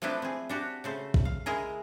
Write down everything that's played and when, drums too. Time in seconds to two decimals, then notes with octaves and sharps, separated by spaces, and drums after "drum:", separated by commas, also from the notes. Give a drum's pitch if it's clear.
0.02 F3 A3 C4 D4 E4 B4
0.22 C4 G#4
0.49 D4 F#4 G4
0.84 C#3 A3 C5
1.14 drum: kick
1.25 F5
1.46 G#3 E4 G#4 A#4